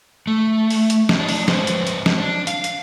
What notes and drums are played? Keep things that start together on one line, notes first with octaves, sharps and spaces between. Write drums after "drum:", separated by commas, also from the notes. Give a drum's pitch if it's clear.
A3
drum: open hi-hat
drum: hi-hat
drum: snare
D4 D#4
drum: open hi-hat
G#3 B4 C5, drum: snare
drum: hi-hat
drum: hi-hat
drum: snare
D4
F5, drum: hi-hat
drum: hi-hat